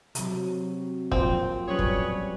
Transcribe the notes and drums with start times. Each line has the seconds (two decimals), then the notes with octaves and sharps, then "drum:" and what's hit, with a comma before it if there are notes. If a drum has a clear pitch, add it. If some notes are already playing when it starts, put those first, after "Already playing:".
0.15 C3 F#3, drum: hi-hat
1.12 A#2 F3 C4, drum: kick
1.68 F#3 G3 C#4 G#4 B4 C#5
1.79 drum: kick